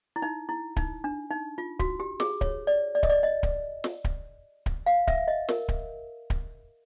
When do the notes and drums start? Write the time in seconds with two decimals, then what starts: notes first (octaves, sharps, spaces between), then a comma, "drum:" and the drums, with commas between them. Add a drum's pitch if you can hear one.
0.16 E4
0.22 D#4
0.49 E4
0.76 D#4, drum: kick D1
1.04 D4
1.31 D#4
1.58 F4
1.79 F#4, drum: kick D1
2.00 G4
2.20 G#4, drum: snare
2.41 C#5, drum: kick D1
2.67 D5
2.95 D5
3.03 D#5, drum: kick D1
3.09 D5
3.23 D#5
3.43 drum: kick D1
3.84 drum: snare
4.04 drum: kick D1
4.66 drum: kick D1
4.86 F5
5.07 E5, drum: kick D1
5.28 D#5
5.49 A#4, drum: snare
5.68 drum: kick D1
6.30 drum: kick D1